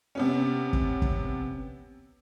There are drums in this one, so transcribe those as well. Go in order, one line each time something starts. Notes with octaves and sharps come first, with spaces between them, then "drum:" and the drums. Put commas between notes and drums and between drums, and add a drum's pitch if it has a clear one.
C3 B3 C#4
drum: kick
drum: kick